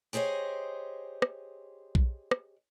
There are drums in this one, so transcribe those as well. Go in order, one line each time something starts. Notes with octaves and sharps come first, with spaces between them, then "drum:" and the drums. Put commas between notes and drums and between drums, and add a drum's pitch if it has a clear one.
G4 G#4 C5 C#5 D#5
drum: rim click
drum: kick A#1
drum: rim click